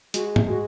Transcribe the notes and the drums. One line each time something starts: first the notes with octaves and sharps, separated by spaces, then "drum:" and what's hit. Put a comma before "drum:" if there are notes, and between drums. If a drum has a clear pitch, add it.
G#3 F#4, drum: hi-hat
drum: tom
G#3 F#4